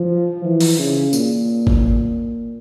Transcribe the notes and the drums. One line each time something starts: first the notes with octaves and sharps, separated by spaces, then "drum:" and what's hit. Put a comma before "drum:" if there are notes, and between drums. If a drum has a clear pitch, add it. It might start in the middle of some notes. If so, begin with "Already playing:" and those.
Already playing: F3
E3
drum: open hi-hat
C#3
A#2, drum: tambourine
drum: kick G#1